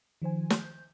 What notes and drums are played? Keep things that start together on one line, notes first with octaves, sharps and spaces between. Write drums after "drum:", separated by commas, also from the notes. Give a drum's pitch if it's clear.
D#3 F3 C5 G#5
G6, drum: snare